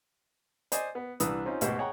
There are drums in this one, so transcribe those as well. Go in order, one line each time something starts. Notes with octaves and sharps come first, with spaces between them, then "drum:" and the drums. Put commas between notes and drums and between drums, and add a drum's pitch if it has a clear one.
C5 D5 D#5 G#5, drum: hi-hat
B3
C2 E3 D4 B4 D#6 E6, drum: hi-hat
C4 C#4 D#4 F4
G#1 D2 B2 G4 B4 C5, drum: hi-hat
G#4 C#5 F#5 G5 A#5